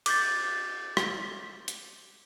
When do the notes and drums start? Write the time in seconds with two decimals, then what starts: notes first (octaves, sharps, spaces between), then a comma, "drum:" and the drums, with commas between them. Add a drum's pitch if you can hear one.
0.06 D6 G6 A6, drum: cymbal
0.97 drum: rim click
1.68 drum: hi-hat